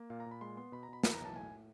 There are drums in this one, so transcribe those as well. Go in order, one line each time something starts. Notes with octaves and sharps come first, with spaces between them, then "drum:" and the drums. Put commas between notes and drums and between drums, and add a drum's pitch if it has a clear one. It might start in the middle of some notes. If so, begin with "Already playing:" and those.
Already playing: A#3
A#2 F5
A#5
A#2
B5
G#3 C6
B3 C6
B2 B5
A#5
B2 B5
E3 B5, drum: snare
A#5
B1 A5
A2 G#5